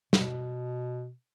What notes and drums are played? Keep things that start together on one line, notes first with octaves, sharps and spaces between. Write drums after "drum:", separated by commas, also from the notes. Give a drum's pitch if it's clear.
B2, drum: snare